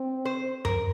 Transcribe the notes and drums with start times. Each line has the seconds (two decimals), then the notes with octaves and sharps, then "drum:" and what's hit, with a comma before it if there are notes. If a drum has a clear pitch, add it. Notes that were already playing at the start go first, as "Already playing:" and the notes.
Already playing: C4
0.25 C5
0.65 A#4, drum: tom F#2